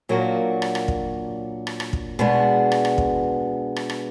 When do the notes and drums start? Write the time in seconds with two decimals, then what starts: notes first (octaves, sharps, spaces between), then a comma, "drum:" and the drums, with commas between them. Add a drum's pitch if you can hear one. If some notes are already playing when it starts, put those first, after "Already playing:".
0.09 A#2 F#3 A#3 D4 F#4
0.62 drum: rim click
0.75 drum: rim click
0.88 drum: kick
1.67 drum: rim click
1.80 drum: rim click
1.93 drum: kick
2.19 B2 G#3 B3 D4 F#4
2.72 drum: rim click
2.85 drum: rim click
2.98 drum: kick
3.76 drum: rim click
3.90 drum: rim click